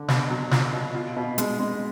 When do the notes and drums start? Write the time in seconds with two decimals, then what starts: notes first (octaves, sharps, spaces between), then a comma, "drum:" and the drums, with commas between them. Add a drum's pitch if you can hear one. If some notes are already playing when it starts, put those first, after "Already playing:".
Already playing: D3
0.08 B2, drum: snare
0.30 F#3
0.51 F4, drum: snare
0.73 B2
0.94 F4
1.16 B2
1.38 G#3, drum: hi-hat
1.60 G#3